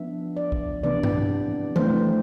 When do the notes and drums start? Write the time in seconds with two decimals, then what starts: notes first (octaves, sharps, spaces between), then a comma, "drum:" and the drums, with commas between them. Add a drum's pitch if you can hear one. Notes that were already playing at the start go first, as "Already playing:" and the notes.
Already playing: F3 B3 D4 E5
0.37 D5
0.52 drum: kick C2
0.83 C3 E3 B3 D4 D5
1.03 drum: tom G2
1.76 E3 A3 C4 C5, drum: tom E3